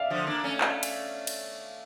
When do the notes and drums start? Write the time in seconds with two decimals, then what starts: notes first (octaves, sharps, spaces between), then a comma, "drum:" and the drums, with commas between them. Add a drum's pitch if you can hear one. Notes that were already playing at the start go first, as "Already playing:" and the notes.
Already playing: D5 E5 F5
0.10 D3 F3
0.27 A#3 D4
0.44 A3 C#4
0.61 drum: clap
0.83 drum: cymbal
1.27 drum: cymbal